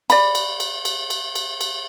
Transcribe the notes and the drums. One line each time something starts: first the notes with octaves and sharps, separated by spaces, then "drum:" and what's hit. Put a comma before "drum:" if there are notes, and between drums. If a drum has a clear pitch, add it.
D5 B5, drum: cymbal
drum: cymbal
drum: cymbal
drum: cymbal
drum: cymbal
drum: cymbal
drum: cymbal